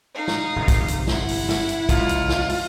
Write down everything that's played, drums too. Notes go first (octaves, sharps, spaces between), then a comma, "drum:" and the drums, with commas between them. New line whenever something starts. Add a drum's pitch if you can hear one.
D#4 F5
drum: snare
G1 F#2 C3
drum: kick, hi-hat
drum: hi-hat
E4 F#5, drum: snare
drum: open hi-hat
drum: snare
drum: hi-hat
C#2 F#2 F4, drum: kick, hi-hat
drum: hi-hat
drum: snare
drum: open hi-hat